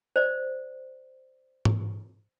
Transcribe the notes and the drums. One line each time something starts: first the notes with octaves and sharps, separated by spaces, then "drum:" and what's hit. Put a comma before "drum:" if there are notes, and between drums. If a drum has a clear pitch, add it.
C5 D5
drum: tom G#2